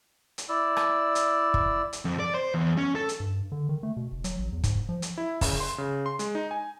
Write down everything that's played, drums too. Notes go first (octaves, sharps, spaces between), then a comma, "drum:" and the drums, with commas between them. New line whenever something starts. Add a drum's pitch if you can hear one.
drum: hi-hat
E4 D5 E6
drum: rim click
drum: hi-hat
drum: kick
drum: hi-hat
F2
D5
C5
E2
C#4
A4
drum: hi-hat
G2
D3
D#3
A3
B2
F1
F#3, drum: hi-hat
A1
E2
G#2, drum: kick, hi-hat
F3
drum: hi-hat
E4
C#3, drum: kick, open hi-hat
C6
C#3
C6
G#3, drum: hi-hat
D#4
G#5